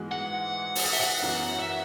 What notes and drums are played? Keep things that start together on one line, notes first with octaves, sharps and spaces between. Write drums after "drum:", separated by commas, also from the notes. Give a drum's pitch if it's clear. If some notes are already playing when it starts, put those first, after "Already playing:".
Already playing: G#2 E3 G#3 B3 F#4
F#5
drum: open hi-hat
F#5
E5
F#5
F#2 E3 B3 F#4
E5